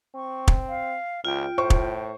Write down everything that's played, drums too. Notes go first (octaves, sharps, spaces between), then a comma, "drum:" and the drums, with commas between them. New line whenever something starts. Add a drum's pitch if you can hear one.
C4 C#6
drum: kick
F5
C#2 F4 G5
A2 C5 C#6
drum: kick